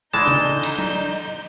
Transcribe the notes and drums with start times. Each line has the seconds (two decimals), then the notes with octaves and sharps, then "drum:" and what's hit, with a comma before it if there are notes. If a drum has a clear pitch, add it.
0.14 D3 E3 G#3 D4 D#4 A5 G6
0.28 drum: tom C#3
0.63 drum: cymbal
0.79 drum: tom F#3